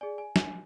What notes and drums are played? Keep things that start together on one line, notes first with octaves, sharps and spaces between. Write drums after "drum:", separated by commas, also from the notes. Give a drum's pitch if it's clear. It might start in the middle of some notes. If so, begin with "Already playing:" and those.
G#4 D5 G#5
G#5
G#5, drum: snare